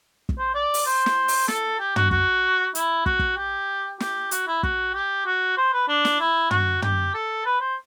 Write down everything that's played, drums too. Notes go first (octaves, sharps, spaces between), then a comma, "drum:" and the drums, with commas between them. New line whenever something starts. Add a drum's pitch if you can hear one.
drum: kick
C5
D5
drum: open hi-hat
C5
drum: snare
drum: open hi-hat
A4, drum: snare
G4
F#4, drum: tom
F#4, drum: kick
E4, drum: hi-hat
F#4, drum: kick
drum: kick
G4
G4, drum: snare
F#4, drum: hi-hat
E4
F#4, drum: kick
G4
F#4
C5
B4
D4
drum: snare
E4
F#4, drum: tom
G4, drum: tom
A4
B4
C5